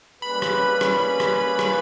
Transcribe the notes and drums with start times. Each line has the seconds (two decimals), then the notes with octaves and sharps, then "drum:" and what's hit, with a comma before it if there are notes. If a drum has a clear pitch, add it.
0.22 G3 A#3 C#4 G#4 B4 B5
0.42 drum: rim click
0.81 drum: rim click
1.20 drum: rim click
1.59 drum: rim click